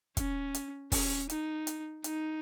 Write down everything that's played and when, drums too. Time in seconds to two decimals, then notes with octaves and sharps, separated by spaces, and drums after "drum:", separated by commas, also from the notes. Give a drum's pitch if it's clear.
0.17 C#4, drum: kick, hi-hat
0.54 drum: hi-hat
0.92 C#4, drum: kick, open hi-hat
1.30 D#4, drum: hi-hat
1.67 drum: hi-hat
2.04 D#4, drum: hi-hat